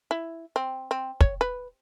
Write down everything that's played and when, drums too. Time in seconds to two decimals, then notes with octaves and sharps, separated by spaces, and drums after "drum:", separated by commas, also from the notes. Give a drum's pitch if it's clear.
0.11 E4
0.56 C4
0.91 C4
1.21 C#5, drum: kick
1.41 B4